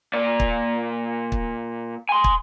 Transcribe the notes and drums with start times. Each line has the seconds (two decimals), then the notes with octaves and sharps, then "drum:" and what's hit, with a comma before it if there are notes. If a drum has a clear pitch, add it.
0.14 A#2 D5
0.40 drum: kick
1.32 drum: kick
2.09 G#5 C6
2.24 drum: kick